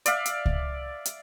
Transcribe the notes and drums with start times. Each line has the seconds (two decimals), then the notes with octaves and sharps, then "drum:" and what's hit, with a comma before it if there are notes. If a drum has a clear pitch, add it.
0.06 D5 E5 F5, drum: hi-hat
0.26 drum: hi-hat
0.46 drum: kick C#2
1.05 drum: hi-hat